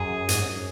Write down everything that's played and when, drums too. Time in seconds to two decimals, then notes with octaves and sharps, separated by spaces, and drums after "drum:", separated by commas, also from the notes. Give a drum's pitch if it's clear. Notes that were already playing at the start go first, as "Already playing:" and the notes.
Already playing: F#2 G#4
0.29 G#2, drum: hi-hat
0.42 F#2